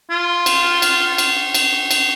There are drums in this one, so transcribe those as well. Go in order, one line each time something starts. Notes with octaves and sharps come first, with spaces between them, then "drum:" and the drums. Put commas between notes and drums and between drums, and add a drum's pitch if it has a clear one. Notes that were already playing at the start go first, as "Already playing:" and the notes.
F4
drum: cymbal
drum: cymbal
drum: cymbal
drum: cymbal
drum: cymbal